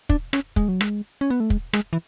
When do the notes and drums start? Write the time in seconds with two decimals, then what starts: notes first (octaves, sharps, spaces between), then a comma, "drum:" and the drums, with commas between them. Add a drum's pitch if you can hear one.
0.09 D4, drum: kick
0.33 C#4, drum: rim click
0.56 G#3, drum: kick
0.69 F#3
0.81 G#3, drum: rim click
1.21 C#4
1.30 B3
1.40 A3
1.50 G#3, drum: kick
1.73 G#3, drum: rim click
1.93 E3